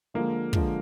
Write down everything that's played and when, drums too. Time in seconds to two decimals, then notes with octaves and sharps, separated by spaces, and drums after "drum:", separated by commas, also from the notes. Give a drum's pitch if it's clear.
0.14 D3 F3 G#3 A#3
0.53 D3 F3 G#3, drum: kick